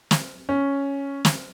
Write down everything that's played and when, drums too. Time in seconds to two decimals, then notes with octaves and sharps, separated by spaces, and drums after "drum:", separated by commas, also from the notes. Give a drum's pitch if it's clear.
0.11 drum: snare
0.49 C#4
1.25 drum: snare